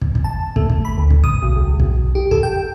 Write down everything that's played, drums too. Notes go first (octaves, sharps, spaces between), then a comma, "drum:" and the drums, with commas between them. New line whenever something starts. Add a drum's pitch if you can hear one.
drum: kick
drum: kick
A5
A3, drum: kick
drum: kick
B5
D2
drum: kick
D#6, drum: kick
B1
C#2
B1, drum: kick
G4
A4, drum: kick
G5